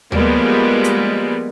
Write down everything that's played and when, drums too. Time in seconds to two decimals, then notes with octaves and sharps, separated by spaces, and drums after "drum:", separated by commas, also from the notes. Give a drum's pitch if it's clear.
0.12 F3 G3 G#3 A#3 B3, drum: tom
0.84 drum: hi-hat